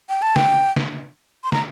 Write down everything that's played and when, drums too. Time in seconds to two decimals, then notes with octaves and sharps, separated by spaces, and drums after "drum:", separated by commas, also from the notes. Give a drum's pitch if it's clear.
0.09 G5
0.22 A5
0.36 G5, drum: snare
0.76 drum: snare
1.44 C6
1.52 A#5, drum: snare